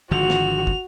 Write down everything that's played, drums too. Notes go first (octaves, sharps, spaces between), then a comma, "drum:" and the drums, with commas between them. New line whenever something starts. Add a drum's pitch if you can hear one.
G#1 D3 F3 F#4 F7
drum: snare
drum: kick